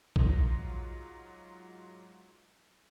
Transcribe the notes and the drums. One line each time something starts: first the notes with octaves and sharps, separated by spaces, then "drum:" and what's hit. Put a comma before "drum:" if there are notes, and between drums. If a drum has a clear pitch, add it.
G#2 F#3 D#4 F4 A#6, drum: kick A#1